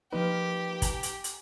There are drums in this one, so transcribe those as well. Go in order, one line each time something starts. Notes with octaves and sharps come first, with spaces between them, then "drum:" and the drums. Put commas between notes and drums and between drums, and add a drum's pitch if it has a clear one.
F3 A#3 D#4 G4 B4
G#5 A#5, drum: kick, hi-hat
drum: hi-hat
drum: hi-hat